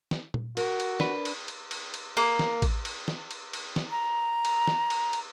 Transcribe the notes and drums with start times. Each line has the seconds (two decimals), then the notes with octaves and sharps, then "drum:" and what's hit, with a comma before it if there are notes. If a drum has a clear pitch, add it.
0.11 drum: snare
0.34 drum: tom A#2
0.57 F#4 A#4, drum: cymbal
0.80 drum: cymbal
1.00 D4 B4, drum: snare
1.25 drum: cymbal
1.48 drum: cymbal
1.71 drum: cymbal
1.94 drum: cymbal
2.17 A#3, drum: cymbal
2.39 drum: snare
2.62 drum: kick A1, cymbal
2.85 drum: cymbal
3.08 drum: snare
3.31 drum: cymbal
3.53 drum: cymbal
3.76 drum: snare
3.91 A#5
4.45 drum: cymbal
4.67 drum: snare
4.90 drum: cymbal
5.13 drum: cymbal